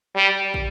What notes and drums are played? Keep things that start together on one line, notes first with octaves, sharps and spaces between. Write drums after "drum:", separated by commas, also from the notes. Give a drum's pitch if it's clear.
G3
drum: kick